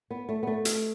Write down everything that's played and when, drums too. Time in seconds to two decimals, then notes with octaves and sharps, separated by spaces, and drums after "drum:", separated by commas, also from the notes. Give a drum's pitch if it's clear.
0.10 B3
0.29 A3
0.43 B3
0.47 A3
0.65 drum: hi-hat